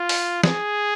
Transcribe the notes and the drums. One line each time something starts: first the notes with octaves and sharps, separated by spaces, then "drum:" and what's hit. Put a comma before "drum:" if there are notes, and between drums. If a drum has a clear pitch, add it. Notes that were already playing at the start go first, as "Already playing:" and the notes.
Already playing: F4
drum: open hi-hat
G#4, drum: snare